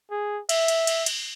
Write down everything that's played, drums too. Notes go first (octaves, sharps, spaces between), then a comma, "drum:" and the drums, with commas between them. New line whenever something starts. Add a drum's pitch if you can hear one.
G#4
E5, drum: cymbal
drum: cymbal
drum: cymbal
drum: cymbal